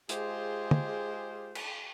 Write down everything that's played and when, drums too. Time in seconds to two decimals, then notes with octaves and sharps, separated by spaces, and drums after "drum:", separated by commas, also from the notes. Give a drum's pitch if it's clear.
0.09 G#3 F4 G4 G#4 C5, drum: hi-hat
0.71 drum: tom
1.55 drum: cymbal